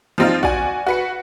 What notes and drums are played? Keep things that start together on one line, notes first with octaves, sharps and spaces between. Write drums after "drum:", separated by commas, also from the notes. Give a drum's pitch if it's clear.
F3 G3 C4 D#4 F4
F#4 D5 G#5, drum: kick
F#4 B4 C#7